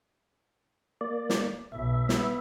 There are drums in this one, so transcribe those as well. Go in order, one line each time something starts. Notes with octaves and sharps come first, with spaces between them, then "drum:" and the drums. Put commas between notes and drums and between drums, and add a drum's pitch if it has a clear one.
A#3 D5
drum: snare
B1 E5
B3, drum: snare